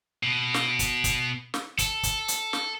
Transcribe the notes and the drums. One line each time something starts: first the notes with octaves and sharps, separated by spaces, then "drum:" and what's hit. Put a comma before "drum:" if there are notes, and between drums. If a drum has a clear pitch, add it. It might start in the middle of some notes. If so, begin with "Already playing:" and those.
B2
drum: snare
drum: kick, hi-hat
drum: kick, hi-hat
drum: snare
A4, drum: kick, hi-hat
drum: kick, hi-hat
drum: hi-hat
drum: snare